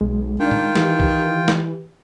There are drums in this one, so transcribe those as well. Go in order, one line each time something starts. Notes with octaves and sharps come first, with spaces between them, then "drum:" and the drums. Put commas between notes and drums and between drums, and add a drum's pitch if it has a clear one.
B1 G#3
D#3 D4 F4 G5
drum: tom A2
E3 G4, drum: snare
drum: kick C2
drum: snare